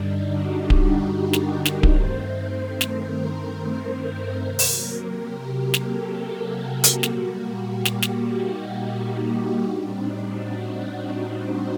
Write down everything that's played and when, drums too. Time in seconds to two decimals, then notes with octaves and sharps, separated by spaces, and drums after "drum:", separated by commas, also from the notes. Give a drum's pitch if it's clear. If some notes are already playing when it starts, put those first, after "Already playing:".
Already playing: G2 D3 G3 D4 D#4
0.21 F#4
0.53 G4
0.70 drum: kick D1
0.86 G4
1.18 A#4
1.33 drum: snare
1.65 drum: snare
1.83 G2 D#3 A3 C4 C5, drum: kick D1
2.49 C5
2.81 A#4, drum: snare
3.78 A#4
4.43 C3 F#3 A#3
4.59 drum: open hi-hat
5.09 G4
5.74 A4, drum: snare
6.38 F#4
6.84 drum: hi-hat
7.03 A#2 G3 A#3, drum: snare
7.68 G4
7.85 drum: snare
8.02 drum: snare
8.33 D#4
9.63 A2 G3 C4 D4
9.96 D#4
10.28 F#4
10.60 F#4
10.94 F#4
11.26 C5